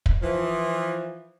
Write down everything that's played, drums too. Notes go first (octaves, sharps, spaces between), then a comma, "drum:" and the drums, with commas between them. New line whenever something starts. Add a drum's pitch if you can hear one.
drum: kick
E3 F3